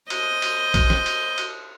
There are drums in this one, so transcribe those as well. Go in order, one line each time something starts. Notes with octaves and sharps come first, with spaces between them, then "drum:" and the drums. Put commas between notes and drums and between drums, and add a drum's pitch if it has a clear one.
C5 D#5, drum: cymbal
drum: cymbal
drum: kick A#1, cymbal
drum: snare
drum: cymbal
drum: cymbal